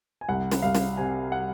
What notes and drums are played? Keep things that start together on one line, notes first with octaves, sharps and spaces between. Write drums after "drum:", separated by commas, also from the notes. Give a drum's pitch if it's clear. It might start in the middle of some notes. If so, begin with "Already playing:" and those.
G#5
C2 F#5
drum: snare
C2 F5
drum: snare
C3 G#5
F#5